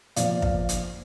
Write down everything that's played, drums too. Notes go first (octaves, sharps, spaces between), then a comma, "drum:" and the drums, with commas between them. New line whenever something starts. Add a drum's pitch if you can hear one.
A#2 F3 D5 F5, drum: hi-hat
D5 F5, drum: kick
drum: hi-hat